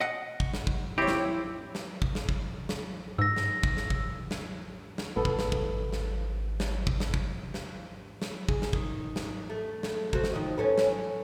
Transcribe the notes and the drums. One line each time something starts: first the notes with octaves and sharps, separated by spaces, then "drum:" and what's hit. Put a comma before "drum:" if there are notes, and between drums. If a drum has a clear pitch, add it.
D#5 F#5
drum: kick
drum: snare
drum: kick
C4 E4 G4 C#5
drum: snare
drum: snare
drum: kick
drum: snare
drum: kick
drum: snare
G#2 E6 A#6
drum: snare
drum: kick
drum: snare
drum: kick
drum: snare
drum: snare
G#1 B3 A4
drum: kick
drum: snare
drum: kick
drum: snare
drum: snare
drum: kick
drum: snare
drum: kick
drum: snare
drum: snare
G#4, drum: kick
drum: snare
D#3, drum: kick
drum: snare
A3
drum: snare
C4 F#4 A4, drum: kick
drum: snare
D#3 F3 D#5
C#4 A4 B4
drum: snare